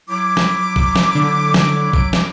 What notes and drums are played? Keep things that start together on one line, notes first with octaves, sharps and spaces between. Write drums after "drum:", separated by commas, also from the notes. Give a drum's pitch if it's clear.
F#3 E4 D6
drum: snare
drum: kick A#1
drum: snare
D3
drum: snare
D7, drum: kick A#1
drum: snare